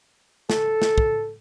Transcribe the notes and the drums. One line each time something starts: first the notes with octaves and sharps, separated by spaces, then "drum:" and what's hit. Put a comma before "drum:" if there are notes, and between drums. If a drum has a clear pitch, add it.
A4, drum: snare
drum: snare
drum: kick